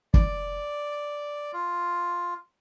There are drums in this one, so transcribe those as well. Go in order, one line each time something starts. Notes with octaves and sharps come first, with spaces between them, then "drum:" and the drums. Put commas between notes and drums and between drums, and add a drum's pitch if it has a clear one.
D5, drum: kick
F4